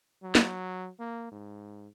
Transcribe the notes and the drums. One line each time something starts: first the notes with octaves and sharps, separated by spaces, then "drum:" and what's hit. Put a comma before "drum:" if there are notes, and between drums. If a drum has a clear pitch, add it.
F#3
drum: snare
A#3
G#2